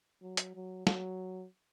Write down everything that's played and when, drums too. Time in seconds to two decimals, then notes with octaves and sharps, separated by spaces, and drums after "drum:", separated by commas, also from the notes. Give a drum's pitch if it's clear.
0.22 F#3
0.37 drum: hi-hat
0.55 F#3
0.87 F#3, drum: snare